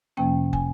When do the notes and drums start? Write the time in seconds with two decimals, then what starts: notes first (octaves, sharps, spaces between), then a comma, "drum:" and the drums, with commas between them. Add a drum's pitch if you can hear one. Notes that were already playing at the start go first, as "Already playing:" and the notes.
0.17 F2 C3 F3 A#3 C#4 G5
0.53 G#5, drum: kick